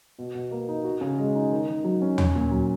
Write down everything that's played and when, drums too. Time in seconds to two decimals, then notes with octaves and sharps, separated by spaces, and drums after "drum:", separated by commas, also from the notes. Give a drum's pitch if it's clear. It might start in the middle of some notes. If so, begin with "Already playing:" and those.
0.19 B2
0.35 B2
0.51 A#3
0.68 D#4
0.84 F#4
1.01 C#3
1.18 G#3
1.35 D#4
1.52 D#3
1.68 D#3
1.84 F#3
2.02 C#4
2.18 C#4, drum: tom
2.35 A#2
2.51 F#3